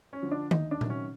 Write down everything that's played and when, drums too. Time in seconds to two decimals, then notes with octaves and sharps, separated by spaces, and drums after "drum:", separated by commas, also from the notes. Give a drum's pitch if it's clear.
0.13 C#4
0.22 D3 F3
0.31 D4
0.51 D2 D#4, drum: tom D#3
0.71 D4
0.81 C3 D#3 F#3, drum: tom A#2
0.90 C#4